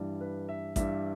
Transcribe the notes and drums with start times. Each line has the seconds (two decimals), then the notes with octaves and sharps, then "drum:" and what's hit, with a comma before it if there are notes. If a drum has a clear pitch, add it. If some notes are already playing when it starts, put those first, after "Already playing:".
Already playing: G2 E3 G3
0.21 B4
0.49 E5
0.76 G2 E3 G3 E5, drum: kick A1, hi-hat